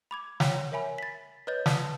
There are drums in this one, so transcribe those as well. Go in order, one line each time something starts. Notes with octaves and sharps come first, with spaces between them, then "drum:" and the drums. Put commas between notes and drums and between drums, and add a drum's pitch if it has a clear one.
B5 D6 G#6
C#5 F#5 G5 A#5 B6, drum: snare
A#4 C#5 E5 G#5 B5
A6 B6
B4 C#5 D#5 G6 A6
D5 A5 D#6 B6, drum: snare